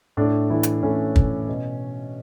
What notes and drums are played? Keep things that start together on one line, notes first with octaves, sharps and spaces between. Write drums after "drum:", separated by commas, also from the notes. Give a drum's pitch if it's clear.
A2 D4
E3 E4
drum: hi-hat
A2 C#4
E3, drum: kick
B2